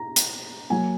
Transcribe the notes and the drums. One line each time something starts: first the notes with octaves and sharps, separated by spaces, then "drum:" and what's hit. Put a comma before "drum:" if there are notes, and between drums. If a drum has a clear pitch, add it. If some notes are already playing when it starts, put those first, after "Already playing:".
Already playing: A#5
drum: hi-hat
F#3 A#3 G#5